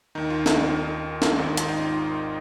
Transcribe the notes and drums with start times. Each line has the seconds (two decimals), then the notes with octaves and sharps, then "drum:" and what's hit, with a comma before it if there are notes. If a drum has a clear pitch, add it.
0.15 D#2 D#3 D#4
0.30 F4
0.46 D#4, drum: snare
1.22 drum: snare
1.38 G#1 G#2 D#3
1.57 F4, drum: hi-hat
1.68 D#4